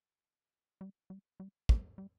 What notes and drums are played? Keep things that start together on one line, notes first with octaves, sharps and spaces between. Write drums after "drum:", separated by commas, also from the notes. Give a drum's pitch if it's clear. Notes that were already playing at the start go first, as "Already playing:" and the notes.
G3
G3
G3
A3, drum: kick
G3